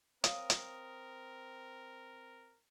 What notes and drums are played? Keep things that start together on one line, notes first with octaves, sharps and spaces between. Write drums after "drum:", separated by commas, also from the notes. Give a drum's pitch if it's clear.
C4 A#4 C#5 F5 D#6, drum: hi-hat
drum: hi-hat